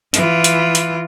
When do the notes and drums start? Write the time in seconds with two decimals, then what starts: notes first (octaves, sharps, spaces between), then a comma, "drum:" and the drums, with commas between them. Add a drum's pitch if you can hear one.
0.14 E3 F4, drum: hi-hat
0.44 drum: hi-hat
0.75 drum: hi-hat